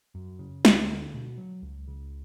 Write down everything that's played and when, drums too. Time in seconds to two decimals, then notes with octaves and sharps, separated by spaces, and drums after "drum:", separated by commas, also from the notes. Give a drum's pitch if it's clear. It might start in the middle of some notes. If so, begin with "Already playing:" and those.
0.15 F#2
0.39 C#3
0.65 D2, drum: snare
0.89 D3
1.14 B2
1.38 F#3
1.62 C#2
1.88 C#3